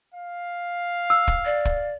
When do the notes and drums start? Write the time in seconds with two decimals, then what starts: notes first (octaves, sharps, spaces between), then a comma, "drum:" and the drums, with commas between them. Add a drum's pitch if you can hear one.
0.14 F5
1.10 E6
1.28 drum: kick
1.45 D5
1.65 drum: kick